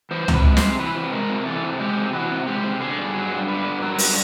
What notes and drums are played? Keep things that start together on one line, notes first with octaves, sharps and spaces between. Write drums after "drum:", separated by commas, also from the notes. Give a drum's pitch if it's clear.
E3 C5
C3, drum: tom C#2
B4
G#3
C3 C5, drum: snare
E3 B4
C3
G#3 A#4
C3
E3 A4
C3
G#3 G4
C3
E3 F#4
C3
G#3 G4
C3
D3 G#4
G2
F#3
G2
D3 B4
G2
F#3 A#4
G2, drum: open hi-hat